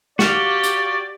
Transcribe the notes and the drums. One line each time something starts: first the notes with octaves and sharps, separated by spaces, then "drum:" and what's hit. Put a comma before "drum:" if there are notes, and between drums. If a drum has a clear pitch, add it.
F#4 G4 D5 F5, drum: snare
drum: hi-hat